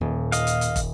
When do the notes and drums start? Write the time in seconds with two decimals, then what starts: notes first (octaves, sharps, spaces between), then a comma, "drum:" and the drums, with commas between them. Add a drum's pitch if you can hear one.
0.01 D#1 A#2
0.32 D#5 F5, drum: hi-hat
0.47 drum: hi-hat
0.61 drum: hi-hat
0.76 drum: kick, hi-hat